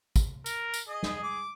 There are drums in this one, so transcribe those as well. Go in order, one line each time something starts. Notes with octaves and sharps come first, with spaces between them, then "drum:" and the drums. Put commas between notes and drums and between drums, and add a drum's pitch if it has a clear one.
drum: kick, tambourine
A#4, drum: tambourine
drum: tambourine
G#4 D#5
drum: snare
D6